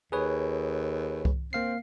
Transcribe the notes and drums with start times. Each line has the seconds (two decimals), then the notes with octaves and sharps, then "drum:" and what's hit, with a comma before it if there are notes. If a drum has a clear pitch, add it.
0.12 D#2 G#4 B4 C#5
1.25 drum: kick C2
1.53 A#3 C4 F5 C7